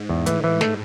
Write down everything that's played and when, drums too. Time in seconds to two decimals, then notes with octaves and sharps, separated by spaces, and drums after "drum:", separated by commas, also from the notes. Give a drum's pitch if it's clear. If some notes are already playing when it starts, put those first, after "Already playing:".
Already playing: G#2
0.09 E2
0.26 A2 E3, drum: hi-hat
0.44 E3
0.61 A3, drum: snare